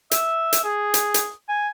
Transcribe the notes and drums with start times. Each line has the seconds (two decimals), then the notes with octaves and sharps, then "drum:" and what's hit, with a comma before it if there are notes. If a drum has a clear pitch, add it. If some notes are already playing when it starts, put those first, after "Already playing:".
0.11 E5, drum: hi-hat
0.53 drum: hi-hat
0.64 G#4
0.94 drum: hi-hat
1.14 drum: hi-hat
1.49 G#5